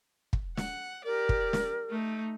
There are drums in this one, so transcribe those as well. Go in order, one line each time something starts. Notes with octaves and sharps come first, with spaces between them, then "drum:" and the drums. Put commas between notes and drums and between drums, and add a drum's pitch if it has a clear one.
drum: kick
F#5, drum: snare
G4 A#4 D5
drum: kick
drum: snare
A3 D#4